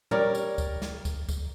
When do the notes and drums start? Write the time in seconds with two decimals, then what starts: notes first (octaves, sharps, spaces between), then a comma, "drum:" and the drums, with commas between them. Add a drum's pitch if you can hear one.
0.11 G3 A#4 C#5 D5, drum: tom
0.35 drum: tambourine
0.58 drum: kick C#2, tambourine
0.82 drum: snare
1.05 drum: kick C#2, tambourine
1.29 drum: kick C#2, tambourine